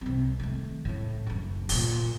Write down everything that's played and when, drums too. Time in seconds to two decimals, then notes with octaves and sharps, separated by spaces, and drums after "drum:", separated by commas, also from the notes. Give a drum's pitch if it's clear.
0.01 C2 C4
0.39 D#3 A3
0.85 A2 C#3
1.26 F#1 D3
1.69 D2 A#2, drum: open hi-hat